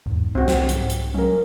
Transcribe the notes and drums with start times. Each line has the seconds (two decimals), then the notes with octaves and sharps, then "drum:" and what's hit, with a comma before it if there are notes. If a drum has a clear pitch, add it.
0.06 E2 G#2
0.35 C2 C4 F#4
0.48 drum: snare
0.69 drum: hi-hat
0.90 drum: hi-hat
1.14 F#3 C#4 A#4